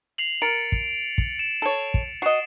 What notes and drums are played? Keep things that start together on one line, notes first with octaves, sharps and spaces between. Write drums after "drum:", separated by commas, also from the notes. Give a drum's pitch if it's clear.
C7 F7 F#7
A#4 A6 C#7 D7
drum: kick
drum: kick
E7
A4 C#5
drum: kick
F#4 D#5 C7 E7